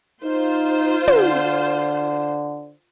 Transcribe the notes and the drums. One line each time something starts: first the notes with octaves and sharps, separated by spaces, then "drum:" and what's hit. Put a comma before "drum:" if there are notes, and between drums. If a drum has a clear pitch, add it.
D#4 F4 C5
D3, drum: tom